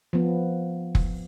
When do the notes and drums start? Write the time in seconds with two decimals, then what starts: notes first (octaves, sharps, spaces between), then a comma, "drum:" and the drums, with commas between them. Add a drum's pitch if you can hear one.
0.13 F3 B3
0.95 drum: kick F1